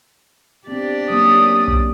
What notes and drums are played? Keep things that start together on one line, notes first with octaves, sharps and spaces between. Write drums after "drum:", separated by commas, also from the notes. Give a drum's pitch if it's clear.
B3 C4 D4 G4 D5
F#3 A#3 C#4 D#6
drum: kick B1